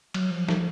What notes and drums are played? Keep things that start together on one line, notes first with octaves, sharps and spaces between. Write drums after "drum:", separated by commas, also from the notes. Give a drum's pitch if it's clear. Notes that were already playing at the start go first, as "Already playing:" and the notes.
F#3, drum: cymbal
F3
F3, drum: snare